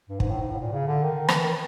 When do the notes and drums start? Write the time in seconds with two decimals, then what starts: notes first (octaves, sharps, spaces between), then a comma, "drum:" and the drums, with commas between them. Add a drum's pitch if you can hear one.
0.09 G2
0.20 G#2, drum: kick
0.30 A2
0.41 G#2
0.50 A2
0.61 A#2
0.72 C#3
0.87 D3
1.03 D#3
1.28 F3, drum: rim click
1.34 E3
1.44 D#3